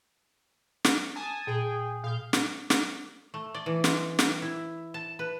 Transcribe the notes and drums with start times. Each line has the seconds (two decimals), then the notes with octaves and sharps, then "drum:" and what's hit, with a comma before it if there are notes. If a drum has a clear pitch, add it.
0.84 drum: snare
1.16 G#5 A5 D#6
1.47 A#2 G#4 G5
2.04 A#2 F5 D#6 G6
2.33 drum: snare
2.70 drum: snare
3.34 A3
3.54 D5
3.66 E3
3.84 G#3, drum: snare
4.19 G5, drum: snare
4.42 E4
4.94 A5
5.19 B4